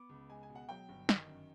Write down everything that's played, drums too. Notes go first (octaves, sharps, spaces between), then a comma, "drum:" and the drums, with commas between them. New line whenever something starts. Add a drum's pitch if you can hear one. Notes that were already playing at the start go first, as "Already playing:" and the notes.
Already playing: B3 D6
C#2
G#3 G#5
G#5
B2
F#5
F#3 G5
G1
D#3, drum: snare
F#2